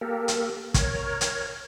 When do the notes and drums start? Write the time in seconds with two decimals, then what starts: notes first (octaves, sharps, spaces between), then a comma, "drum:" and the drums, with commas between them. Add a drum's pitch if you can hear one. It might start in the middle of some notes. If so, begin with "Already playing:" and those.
0.01 A#3 G4 A4 A#4
0.28 drum: hi-hat
0.74 A#4 C#5, drum: kick, hi-hat
1.21 drum: hi-hat